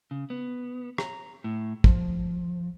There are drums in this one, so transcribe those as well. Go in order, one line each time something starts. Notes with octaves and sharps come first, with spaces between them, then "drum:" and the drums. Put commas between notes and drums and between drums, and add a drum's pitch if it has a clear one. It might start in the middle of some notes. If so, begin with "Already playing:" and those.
C#3
B3
A#5, drum: rim click
A2
F3, drum: kick